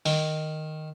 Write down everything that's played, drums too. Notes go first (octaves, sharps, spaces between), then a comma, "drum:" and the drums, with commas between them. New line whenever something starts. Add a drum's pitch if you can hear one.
D#3, drum: open hi-hat